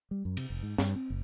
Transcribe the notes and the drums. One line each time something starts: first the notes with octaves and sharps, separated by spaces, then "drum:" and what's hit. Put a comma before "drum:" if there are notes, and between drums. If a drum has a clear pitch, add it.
G3
F#2
C3, drum: cymbal
F1
G#2
G2, drum: snare
C4
F#1